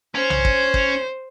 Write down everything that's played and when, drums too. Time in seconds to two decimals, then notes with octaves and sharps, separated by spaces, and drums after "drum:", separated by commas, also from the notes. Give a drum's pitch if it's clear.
0.15 C#4 C5
0.30 drum: tom B1
0.45 drum: kick
0.74 drum: kick